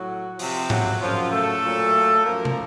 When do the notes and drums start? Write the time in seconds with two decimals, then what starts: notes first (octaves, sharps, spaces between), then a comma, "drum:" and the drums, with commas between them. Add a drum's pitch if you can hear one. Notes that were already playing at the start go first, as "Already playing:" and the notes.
Already playing: A2 F#3 F#4
0.39 C3 F3, drum: open hi-hat
0.70 F#3 F#4, drum: tom G#2
1.00 F#2 C#3 F3 F#3 F4
1.31 A3 A4
1.63 A#2 F#3
2.24 F#2 F3 A#3 A#4
2.45 drum: tom